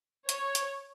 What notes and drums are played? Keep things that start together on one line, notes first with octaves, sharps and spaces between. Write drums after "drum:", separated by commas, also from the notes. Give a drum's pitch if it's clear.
C#5, drum: hi-hat
drum: hi-hat